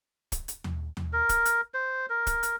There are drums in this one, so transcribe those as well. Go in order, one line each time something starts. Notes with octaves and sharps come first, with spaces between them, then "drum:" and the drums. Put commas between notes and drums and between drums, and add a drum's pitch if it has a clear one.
drum: kick, hi-hat
drum: hi-hat
drum: tom D#2
drum: tom D#2
A#4
drum: kick, hi-hat
drum: hi-hat
C5
A#4
drum: kick, hi-hat
drum: hi-hat